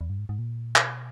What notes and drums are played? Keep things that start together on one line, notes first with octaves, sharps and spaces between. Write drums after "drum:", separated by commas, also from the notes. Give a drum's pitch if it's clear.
E2
G2
G#2
G#2
A#2
B2, drum: clap